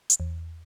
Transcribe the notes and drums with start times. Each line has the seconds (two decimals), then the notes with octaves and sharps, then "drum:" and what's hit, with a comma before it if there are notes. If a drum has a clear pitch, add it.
0.10 drum: hi-hat
0.20 E2